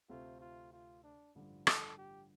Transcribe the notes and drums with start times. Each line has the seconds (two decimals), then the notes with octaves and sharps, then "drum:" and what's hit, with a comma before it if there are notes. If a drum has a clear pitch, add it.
0.09 D2 C3 A3 C4 F4
0.40 F4
0.72 F4
1.03 D4
1.35 A1 G2 D3 F3 D4
1.67 A4, drum: rim click
1.98 G4